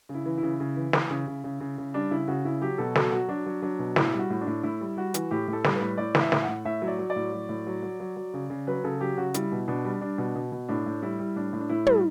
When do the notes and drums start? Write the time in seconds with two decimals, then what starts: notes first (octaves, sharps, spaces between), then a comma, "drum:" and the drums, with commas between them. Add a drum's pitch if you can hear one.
0.09 C#3
0.15 E4
0.26 E3
0.38 E4
0.43 C#3
0.60 C#3
0.76 E3
0.93 E3, drum: snare
1.10 C#3
1.27 C#3
1.44 C#3
1.60 C#3
1.78 C#3
1.94 G3 D4
2.11 C#3 E4
2.28 C#3 F#4
2.44 C#3 E4
2.62 F#3 G4
2.78 B2 A4
2.95 F#3 A4, drum: snare
3.12 F#3 F#4
3.29 F#3 D4
3.46 F#3
3.62 F#3 D4
3.79 B2
3.96 A2 E4, drum: snare
4.13 G3
4.19 F#4
4.30 A2
4.41 D4
4.47 A2
4.63 A2 E4
4.81 G3
4.97 G3 F#4
5.14 E3, drum: hi-hat
5.31 A2 G4
5.48 A2
5.53 A4
5.64 G3, drum: snare
5.75 B4
5.81 A2
5.98 A2 D5
6.15 E3, drum: snare
6.21 E5
6.32 A2, drum: snare
6.43 F#5
6.48 A2
6.65 A2 E5
6.82 F#3
6.88 D5
6.99 F#3
7.10 D5
7.16 A2
7.32 F#3
7.49 A2
7.67 F#3
7.83 F#3
8.00 F#3
8.16 F#3
8.34 C#3
8.50 C#3
8.67 F#3 B4
8.84 C#3 A4
9.01 F#3 G4
9.17 C#3 F#4
9.34 G3 E4, drum: hi-hat
9.52 B2
9.68 B2 D4
9.85 G3
10.01 G3 D4
10.18 B2
10.35 B2
10.52 B2
10.69 A2 D4
10.86 A2
11.02 G3 E4
11.19 G3
11.36 A2 D4
11.53 A2
11.60 D4
11.69 A2 E4
11.87 G3, drum: tom